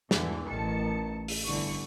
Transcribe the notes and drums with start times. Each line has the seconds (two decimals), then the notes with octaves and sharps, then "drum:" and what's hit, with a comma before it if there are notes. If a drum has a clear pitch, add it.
0.11 E2 G#2 D3 E3, drum: snare
0.49 A1 D#3 A5 C#7
1.28 drum: open hi-hat
1.46 G1 D3 E3 C#6